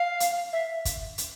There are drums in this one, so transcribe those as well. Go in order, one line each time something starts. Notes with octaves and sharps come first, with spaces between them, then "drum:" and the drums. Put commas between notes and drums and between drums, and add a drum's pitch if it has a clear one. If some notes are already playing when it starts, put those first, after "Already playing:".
Already playing: F5
drum: hi-hat
E5
drum: kick, hi-hat
drum: hi-hat